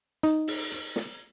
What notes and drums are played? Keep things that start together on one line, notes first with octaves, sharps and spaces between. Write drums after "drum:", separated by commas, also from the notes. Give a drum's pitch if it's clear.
D#4, drum: hi-hat
drum: open hi-hat
drum: hi-hat
drum: snare